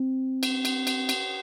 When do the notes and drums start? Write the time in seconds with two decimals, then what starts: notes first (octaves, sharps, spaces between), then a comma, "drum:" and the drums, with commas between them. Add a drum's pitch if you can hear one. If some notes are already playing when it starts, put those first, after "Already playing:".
Already playing: C4
0.43 drum: cymbal
0.65 drum: cymbal
0.87 drum: cymbal
1.09 drum: cymbal